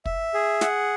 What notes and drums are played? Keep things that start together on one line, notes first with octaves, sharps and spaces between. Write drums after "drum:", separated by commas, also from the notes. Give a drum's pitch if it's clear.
E5, drum: kick
G#4
F#5, drum: snare